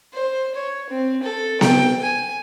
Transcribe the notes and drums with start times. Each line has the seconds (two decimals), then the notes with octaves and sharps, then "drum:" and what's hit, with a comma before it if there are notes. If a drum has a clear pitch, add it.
0.13 C5
0.55 C#5
0.89 C4
1.23 A4
1.61 G5, drum: snare B3
2.02 G#5